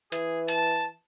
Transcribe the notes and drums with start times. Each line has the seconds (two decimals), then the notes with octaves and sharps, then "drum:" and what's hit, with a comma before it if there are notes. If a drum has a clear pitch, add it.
0.12 E3 G#4, drum: hi-hat
0.48 A5, drum: hi-hat